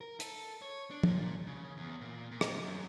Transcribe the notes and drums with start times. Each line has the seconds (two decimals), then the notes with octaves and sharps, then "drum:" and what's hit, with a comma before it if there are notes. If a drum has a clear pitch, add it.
0.01 A#4
0.20 A4, drum: hi-hat
0.62 C#5
0.91 D4
1.03 A#2, drum: tom
1.47 C#3
1.77 E2
2.01 A#2
2.31 A#2
2.41 drum: rim click
2.60 F#2